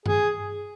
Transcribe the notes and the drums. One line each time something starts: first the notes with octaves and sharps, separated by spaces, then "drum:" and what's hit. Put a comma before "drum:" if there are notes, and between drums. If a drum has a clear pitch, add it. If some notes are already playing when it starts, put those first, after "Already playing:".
G#4, drum: tom G2